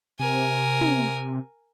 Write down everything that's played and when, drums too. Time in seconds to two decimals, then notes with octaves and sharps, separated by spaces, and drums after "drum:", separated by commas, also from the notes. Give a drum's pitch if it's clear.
0.19 C3 A#4 G#5
0.81 drum: tom